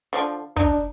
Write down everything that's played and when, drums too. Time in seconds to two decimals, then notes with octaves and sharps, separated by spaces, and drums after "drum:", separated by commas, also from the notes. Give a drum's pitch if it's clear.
0.13 D3 F3 D5
0.56 D4 D#4, drum: kick